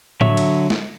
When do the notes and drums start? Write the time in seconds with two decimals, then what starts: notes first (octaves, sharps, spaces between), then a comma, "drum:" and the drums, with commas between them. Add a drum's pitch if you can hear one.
0.21 D3 F#3 C#5 E5 C#6, drum: tom A2
0.37 drum: cymbal
0.70 drum: snare